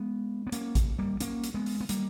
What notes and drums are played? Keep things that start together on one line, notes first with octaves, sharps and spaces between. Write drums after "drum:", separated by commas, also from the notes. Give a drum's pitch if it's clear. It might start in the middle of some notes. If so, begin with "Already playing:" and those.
Already playing: G#3 B3
B3
A#3 C#4, drum: hi-hat
drum: kick A1, hi-hat
G3 A#3
A#3 C#4, drum: hi-hat
drum: hi-hat
G#3 B3
drum: open hi-hat
B3
G3 A#3, drum: hi-hat